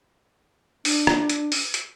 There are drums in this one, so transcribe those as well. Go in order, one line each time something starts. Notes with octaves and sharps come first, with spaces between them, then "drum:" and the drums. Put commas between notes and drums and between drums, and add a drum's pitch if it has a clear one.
D4, drum: open hi-hat
drum: rim click
drum: hi-hat
drum: open hi-hat
drum: hi-hat